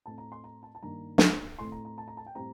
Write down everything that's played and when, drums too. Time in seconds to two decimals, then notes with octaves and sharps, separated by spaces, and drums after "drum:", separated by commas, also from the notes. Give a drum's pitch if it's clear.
0.06 A2 A3 C4 A5
0.18 A#5
0.32 C6
0.44 A#5
0.63 A5
0.75 A5
0.82 G2 D#3 A#3 D4 A#5
1.18 drum: snare
1.59 A2 A3 C4 C6
1.72 A#5
1.85 A#5
1.98 A5
2.08 A#5
2.17 A5
2.26 G5
2.35 A2 G3 C4 A#5